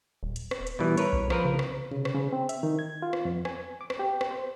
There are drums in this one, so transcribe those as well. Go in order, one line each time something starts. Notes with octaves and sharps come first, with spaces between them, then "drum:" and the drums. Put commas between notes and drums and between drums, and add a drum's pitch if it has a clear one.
D#1
drum: hi-hat
drum: rim click
drum: hi-hat
B2 E3 G3
A#4 B4 C#5, drum: hi-hat
drum: kick B1
F3 A#4 B4, drum: rim click
C#3
drum: rim click
C#3, drum: tom B2
drum: rim click
C#3
C4
E5, drum: hi-hat
D#3
G#6
F4
drum: rim click
F2
G#5, drum: rim click
D6
drum: rim click
G4
drum: rim click
C5